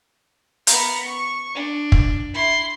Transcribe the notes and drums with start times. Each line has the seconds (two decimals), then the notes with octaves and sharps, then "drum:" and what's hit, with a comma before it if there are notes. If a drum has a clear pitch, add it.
0.67 B3 A#5, drum: hi-hat
1.06 C#6
1.54 D4
1.92 drum: kick
2.33 E4 C6